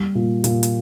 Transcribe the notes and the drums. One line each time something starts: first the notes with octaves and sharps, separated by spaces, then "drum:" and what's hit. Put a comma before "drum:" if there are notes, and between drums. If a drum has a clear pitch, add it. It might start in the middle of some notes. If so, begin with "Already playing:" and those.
Already playing: G3
A#2
A#2, drum: hi-hat
drum: hi-hat